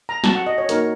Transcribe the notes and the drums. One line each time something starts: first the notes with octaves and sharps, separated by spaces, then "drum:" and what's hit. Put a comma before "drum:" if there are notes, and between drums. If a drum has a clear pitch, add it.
A#5
C4 F#4 A5, drum: snare
F#5
D#5
C#5
A#3 D#4 F#4 A#4, drum: hi-hat